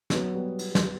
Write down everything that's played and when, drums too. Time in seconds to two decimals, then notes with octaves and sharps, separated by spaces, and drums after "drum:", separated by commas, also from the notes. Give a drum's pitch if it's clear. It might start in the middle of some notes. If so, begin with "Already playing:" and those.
0.10 F#3 B3, drum: snare
0.34 G3 B3
0.59 drum: cymbal
0.75 drum: snare